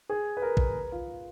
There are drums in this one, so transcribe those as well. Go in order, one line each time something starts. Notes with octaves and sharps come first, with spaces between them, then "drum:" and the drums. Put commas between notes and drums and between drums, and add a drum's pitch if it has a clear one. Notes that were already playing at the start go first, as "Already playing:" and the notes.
G#4
B4
A#4
drum: kick
F4